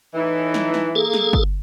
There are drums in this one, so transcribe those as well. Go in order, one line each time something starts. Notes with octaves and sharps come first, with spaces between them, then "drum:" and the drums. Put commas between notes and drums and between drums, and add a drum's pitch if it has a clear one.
A2 E3 D#4
drum: snare
drum: snare
A#3 G#4 A4
drum: snare
drum: kick